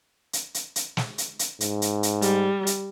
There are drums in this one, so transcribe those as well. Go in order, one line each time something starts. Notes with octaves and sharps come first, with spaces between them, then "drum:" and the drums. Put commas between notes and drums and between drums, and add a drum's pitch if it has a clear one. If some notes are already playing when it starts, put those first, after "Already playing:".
drum: hi-hat
drum: hi-hat
drum: hi-hat
drum: snare
drum: hi-hat
drum: hi-hat
G#2, drum: hi-hat
drum: hi-hat
drum: hi-hat
G3, drum: hi-hat
drum: hi-hat